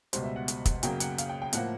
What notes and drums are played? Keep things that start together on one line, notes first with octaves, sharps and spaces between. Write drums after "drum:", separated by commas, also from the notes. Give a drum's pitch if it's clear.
C#2 B2 G3 C5, drum: hi-hat
E5
F#5
drum: hi-hat
drum: kick, hi-hat
F#2 C#3 F#3 A#3 G5, drum: hi-hat
F#5, drum: hi-hat
F5, drum: hi-hat
G5
G5
A2 F3 A#3 F#5, drum: hi-hat